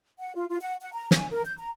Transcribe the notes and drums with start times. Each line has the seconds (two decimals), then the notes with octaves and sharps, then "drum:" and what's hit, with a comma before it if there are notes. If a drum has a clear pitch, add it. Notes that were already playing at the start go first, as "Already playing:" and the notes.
0.19 F#5
0.35 F4
0.49 F4
0.61 F#5
0.81 F#5
0.93 A#5
1.11 G#5, drum: snare
1.31 A#4
1.46 G6
1.59 A#5